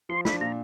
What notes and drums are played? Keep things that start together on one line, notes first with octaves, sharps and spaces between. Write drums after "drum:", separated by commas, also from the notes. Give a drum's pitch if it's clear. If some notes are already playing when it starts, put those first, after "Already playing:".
F3 C6
D4 B5, drum: snare
A#2 A#5